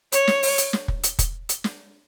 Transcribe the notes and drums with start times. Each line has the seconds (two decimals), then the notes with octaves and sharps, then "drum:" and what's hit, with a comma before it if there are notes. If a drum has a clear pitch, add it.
0.12 C#5, drum: hi-hat
0.28 drum: snare
0.43 drum: open hi-hat
0.58 drum: hi-hat
0.73 drum: snare
0.88 drum: kick
1.03 drum: hi-hat
1.19 drum: kick, hi-hat
1.49 drum: hi-hat
1.64 drum: snare